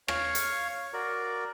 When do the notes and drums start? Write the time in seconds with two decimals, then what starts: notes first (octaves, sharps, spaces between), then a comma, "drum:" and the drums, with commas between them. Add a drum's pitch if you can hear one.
0.08 C#5 F5 C#6, drum: rim click
0.35 drum: hi-hat
0.93 F#4 A#4 D5